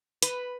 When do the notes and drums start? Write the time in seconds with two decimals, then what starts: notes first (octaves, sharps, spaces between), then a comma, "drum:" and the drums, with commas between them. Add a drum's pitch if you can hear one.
0.22 B4, drum: hi-hat